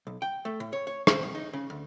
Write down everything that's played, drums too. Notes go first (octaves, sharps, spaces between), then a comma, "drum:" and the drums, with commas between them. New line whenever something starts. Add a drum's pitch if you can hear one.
B1
G5
A3
A2
C#5
C#5
C5, drum: rim click
C2
D#4
C#3
D2